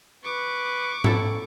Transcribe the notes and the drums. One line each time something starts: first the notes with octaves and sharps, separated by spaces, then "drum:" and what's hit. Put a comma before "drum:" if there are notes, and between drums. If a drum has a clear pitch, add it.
B4 C#6 D6
E4 A4 F#5, drum: tom G#2